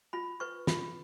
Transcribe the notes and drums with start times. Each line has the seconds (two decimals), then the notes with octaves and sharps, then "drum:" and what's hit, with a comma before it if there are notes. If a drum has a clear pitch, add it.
0.13 F4 B5
0.40 B4 C#6
0.67 F4, drum: snare